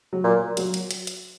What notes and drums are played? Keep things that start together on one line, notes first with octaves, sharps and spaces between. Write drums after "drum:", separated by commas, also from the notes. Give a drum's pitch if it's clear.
F#3
A#2
F#3, drum: hi-hat
drum: hi-hat
drum: hi-hat
drum: hi-hat